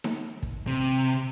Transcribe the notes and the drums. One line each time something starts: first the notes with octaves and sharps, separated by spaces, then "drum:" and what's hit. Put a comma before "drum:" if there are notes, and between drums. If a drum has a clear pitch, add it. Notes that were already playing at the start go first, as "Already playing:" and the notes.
drum: snare D#4
drum: kick
C3